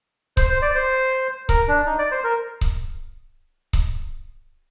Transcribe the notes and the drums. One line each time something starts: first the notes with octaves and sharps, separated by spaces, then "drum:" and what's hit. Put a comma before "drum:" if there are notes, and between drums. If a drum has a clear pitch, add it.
C5, drum: kick C#1
C5
D5
C5
A#4, drum: kick C#1
D4
D#4
D5
C5
A#4
drum: kick C#1
drum: kick C#1